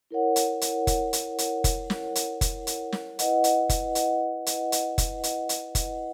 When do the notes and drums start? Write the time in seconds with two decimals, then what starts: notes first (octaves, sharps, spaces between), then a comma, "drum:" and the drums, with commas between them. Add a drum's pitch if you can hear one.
0.11 E4 A#4 C#5 F#5
0.36 drum: hi-hat
0.61 drum: hi-hat
0.87 drum: kick F1, hi-hat
1.13 drum: hi-hat
1.38 drum: hi-hat
1.64 drum: kick F1, hi-hat
1.90 drum: snare
2.15 drum: hi-hat
2.41 drum: kick F1, hi-hat
2.67 drum: hi-hat
2.92 drum: snare
3.19 E4 B4 D#5 F#5, drum: hi-hat
3.44 drum: hi-hat
3.69 drum: kick F1, hi-hat
3.95 drum: hi-hat
4.46 drum: hi-hat
4.72 drum: hi-hat
4.98 drum: kick F1, hi-hat
5.23 drum: hi-hat
5.49 drum: hi-hat
5.75 drum: kick F1, hi-hat